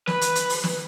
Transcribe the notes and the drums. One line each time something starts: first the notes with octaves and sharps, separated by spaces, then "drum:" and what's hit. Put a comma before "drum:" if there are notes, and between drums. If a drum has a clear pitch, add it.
B4, drum: snare
drum: hi-hat
drum: hi-hat
drum: open hi-hat
drum: snare